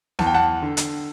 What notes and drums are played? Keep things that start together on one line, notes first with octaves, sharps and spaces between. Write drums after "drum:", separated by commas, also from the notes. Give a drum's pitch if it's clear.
E2 A5, drum: snare B3
G5
F#5 A5
D3
drum: hi-hat